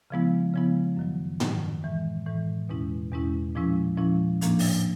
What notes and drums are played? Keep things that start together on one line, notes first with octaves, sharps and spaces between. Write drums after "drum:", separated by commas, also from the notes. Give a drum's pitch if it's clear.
C#3 F3 G#3 B3 E4
C#3 F3 G#3 B3 E4
F#2 D#3 F#3
F#2 D#3 F#3, drum: tom
A2 E3 G#3
A2 E3 G#3
E2 B2 G#3 C#4 E4
E2 B2 G#3 C#4 E4
A#2 F3 G#3 C#4 E4
A#2 F3 G#3 C#4 E4
A2 F3 A#3 D4, drum: hi-hat
drum: open hi-hat